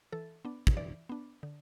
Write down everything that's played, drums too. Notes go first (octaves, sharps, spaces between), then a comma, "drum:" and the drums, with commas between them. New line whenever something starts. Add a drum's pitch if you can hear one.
E3 A4
B3 D4
drum: kick
E3 D5
B3 D4
D3